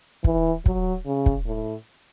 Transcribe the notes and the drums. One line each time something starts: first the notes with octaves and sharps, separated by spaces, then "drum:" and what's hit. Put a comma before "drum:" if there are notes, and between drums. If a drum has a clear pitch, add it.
E3, drum: kick
F#3, drum: kick
C#3
drum: kick
A2